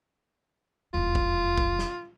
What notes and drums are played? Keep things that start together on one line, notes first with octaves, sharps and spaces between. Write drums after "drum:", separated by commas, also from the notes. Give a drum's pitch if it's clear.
E1 F2 F4
drum: kick
drum: kick
drum: snare